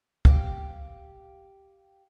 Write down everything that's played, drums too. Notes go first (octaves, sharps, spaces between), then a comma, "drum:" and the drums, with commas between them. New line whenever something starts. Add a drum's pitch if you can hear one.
G4 F5, drum: kick